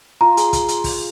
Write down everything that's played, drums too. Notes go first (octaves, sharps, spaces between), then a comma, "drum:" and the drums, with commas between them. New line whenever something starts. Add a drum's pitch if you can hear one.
F4 A#5
G#4, drum: hi-hat
drum: kick, hi-hat
drum: hi-hat
drum: kick, open hi-hat